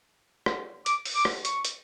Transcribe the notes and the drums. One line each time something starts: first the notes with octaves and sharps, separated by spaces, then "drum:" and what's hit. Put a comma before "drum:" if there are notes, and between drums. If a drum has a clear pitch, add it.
drum: rim click
D6, drum: hi-hat
drum: open hi-hat
D6
drum: rim click
C#6, drum: hi-hat
drum: hi-hat